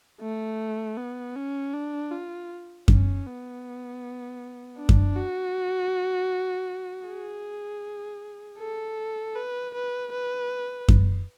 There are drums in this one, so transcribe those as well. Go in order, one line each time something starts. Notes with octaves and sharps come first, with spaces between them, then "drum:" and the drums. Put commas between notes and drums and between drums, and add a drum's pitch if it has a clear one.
A3
B3
C#4
D4
F4
C#4, drum: kick F#2
B3
D4
drum: kick F#2
F#4
G#4
A4
B4
B4
B4
drum: kick F#2